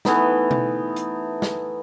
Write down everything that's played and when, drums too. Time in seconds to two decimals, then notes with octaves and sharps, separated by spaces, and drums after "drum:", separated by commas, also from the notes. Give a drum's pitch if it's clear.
0.05 E3 A3 B3 D#4, drum: snare
0.51 drum: tom B2
0.96 drum: hi-hat
1.42 drum: snare